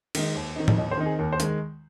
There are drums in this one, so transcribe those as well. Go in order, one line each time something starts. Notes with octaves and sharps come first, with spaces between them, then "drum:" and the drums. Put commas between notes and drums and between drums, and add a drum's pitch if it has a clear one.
D#3 G#3 D#4, drum: cymbal
D#2
D#3 C4 D#4
drum: tom A2
D#2 D#5
C5
D#3 C4 D#4
G#4
D#2 A#4
C5
D#3 G#3, drum: hi-hat